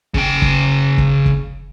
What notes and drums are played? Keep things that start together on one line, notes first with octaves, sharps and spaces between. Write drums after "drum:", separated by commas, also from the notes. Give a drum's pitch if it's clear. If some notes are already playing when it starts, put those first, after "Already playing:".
C#3 G5, drum: kick
drum: kick
drum: kick
drum: kick